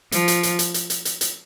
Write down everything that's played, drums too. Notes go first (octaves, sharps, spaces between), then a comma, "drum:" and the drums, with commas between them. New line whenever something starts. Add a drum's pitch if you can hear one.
F3, drum: hi-hat
drum: hi-hat
drum: hi-hat
drum: hi-hat
drum: hi-hat
drum: hi-hat
drum: hi-hat
drum: hi-hat